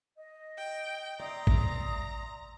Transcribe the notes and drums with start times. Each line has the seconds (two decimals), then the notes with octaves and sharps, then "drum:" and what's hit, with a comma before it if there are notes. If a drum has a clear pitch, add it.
0.18 D#5
0.58 G5
1.20 D5 E5 A#5 C6 D#6
1.47 drum: kick A1